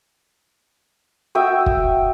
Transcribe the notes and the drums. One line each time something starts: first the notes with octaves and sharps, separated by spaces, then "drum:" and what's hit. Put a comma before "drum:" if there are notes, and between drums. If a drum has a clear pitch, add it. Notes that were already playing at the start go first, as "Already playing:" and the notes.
F#4 E5 G5 D#6
drum: kick